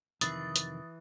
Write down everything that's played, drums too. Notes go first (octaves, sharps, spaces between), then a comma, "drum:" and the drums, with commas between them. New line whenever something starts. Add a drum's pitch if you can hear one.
F2 C3 D#3 E3 D#6 A6, drum: hi-hat
drum: hi-hat